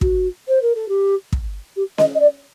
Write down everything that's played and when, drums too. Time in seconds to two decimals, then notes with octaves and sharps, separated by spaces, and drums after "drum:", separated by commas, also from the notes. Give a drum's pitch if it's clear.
0.01 F#4, drum: kick
0.48 C5
0.62 A#4
0.75 A4
0.89 G4
1.32 drum: kick
1.76 G4
1.98 D#5, drum: snare C#4
2.15 D#5
2.20 D5